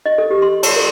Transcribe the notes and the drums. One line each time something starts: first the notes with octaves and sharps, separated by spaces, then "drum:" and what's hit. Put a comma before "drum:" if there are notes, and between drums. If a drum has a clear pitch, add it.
D#5
A4
G4
C6
A5, drum: cymbal
A#4